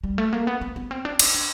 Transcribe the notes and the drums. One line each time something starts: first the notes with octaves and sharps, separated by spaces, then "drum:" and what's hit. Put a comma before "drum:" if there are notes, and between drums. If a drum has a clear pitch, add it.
G3
A3
A#3
B3
B3
B3
C4
D4
D#4, drum: cymbal
D4